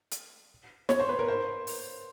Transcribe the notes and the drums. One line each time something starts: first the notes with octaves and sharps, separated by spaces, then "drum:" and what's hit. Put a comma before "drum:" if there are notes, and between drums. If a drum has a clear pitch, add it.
drum: hi-hat
C#5, drum: snare
C5
B4
A#4
C5
drum: open hi-hat